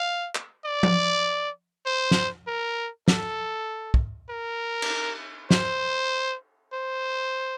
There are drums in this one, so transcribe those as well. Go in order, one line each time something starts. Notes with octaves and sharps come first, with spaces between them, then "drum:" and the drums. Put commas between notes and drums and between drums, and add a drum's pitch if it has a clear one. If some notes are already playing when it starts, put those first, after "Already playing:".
Already playing: F5
drum: clap
D5
drum: tom F3
C5
drum: snare
A#4
A4, drum: snare
drum: kick
A#4
drum: cymbal
C5, drum: snare
C5